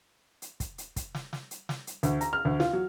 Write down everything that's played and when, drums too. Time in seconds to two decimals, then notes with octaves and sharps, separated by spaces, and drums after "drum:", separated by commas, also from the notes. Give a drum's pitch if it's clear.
0.42 drum: hi-hat
0.60 drum: kick, hi-hat
0.78 drum: hi-hat
0.96 drum: kick, hi-hat
1.15 drum: snare
1.33 drum: snare
1.51 drum: hi-hat
1.69 drum: snare
1.87 drum: hi-hat
2.03 D2, drum: hi-hat
2.21 A#5, drum: hi-hat
2.33 F6
2.45 D2
2.60 F4, drum: snare
2.73 F#3